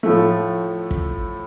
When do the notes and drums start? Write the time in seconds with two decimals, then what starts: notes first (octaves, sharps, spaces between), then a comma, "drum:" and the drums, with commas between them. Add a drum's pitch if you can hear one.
0.03 A2 F3 A3
0.91 drum: kick